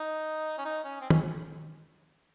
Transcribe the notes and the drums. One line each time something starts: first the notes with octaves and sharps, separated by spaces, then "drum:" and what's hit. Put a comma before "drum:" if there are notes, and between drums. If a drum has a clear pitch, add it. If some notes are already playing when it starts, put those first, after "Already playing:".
Already playing: D#4
C#4
D#4
C#4
C4
C#4, drum: tom